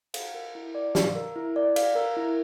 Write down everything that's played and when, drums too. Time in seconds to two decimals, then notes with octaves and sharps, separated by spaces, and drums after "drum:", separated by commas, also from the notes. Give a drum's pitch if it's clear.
0.14 F5, drum: cymbal
0.34 A#4
0.55 E4
0.75 D5
0.95 F5, drum: snare
1.15 A#4
1.36 E4
1.56 D5
1.76 F5, drum: cymbal
1.95 A#4
2.16 E4